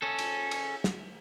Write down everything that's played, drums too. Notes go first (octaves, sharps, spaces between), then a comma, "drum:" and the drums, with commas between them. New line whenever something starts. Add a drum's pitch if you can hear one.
C#4 A4
drum: cymbal
drum: cymbal
drum: snare